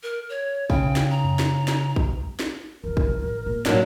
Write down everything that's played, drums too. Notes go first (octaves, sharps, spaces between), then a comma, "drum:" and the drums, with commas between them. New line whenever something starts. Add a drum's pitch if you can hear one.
A#4
C#5
C#3 G5, drum: kick
drum: snare
A#5
drum: tom F2
drum: snare
drum: snare
drum: kick
drum: snare
F#1 F3 A#4
drum: kick
A1
A#2 A#3
A2 F#3 A#3 D4, drum: snare